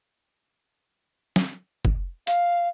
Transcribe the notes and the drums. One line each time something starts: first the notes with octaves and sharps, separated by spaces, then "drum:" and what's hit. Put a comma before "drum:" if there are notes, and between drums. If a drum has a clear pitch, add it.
drum: snare
drum: kick
F5, drum: hi-hat